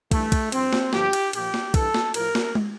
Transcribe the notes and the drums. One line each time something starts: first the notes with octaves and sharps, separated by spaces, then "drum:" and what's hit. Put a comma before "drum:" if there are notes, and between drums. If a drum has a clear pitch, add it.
G2 E3 A3, drum: kick, cymbal
drum: kick, cymbal
G2 F3 C4, drum: cymbal
drum: snare
G2 D3 F3 G4, drum: snare
drum: cymbal
A#2 F3 G4, drum: cymbal
drum: snare
G2 E3 A4, drum: kick, cymbal
drum: snare
A2 F3 A#4, drum: cymbal
drum: snare
drum: tom G#3